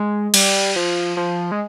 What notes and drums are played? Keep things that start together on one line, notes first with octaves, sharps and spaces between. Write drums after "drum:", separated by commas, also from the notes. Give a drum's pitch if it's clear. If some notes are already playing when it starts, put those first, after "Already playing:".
Already playing: G#3
G3, drum: cymbal
F3
F3
G#3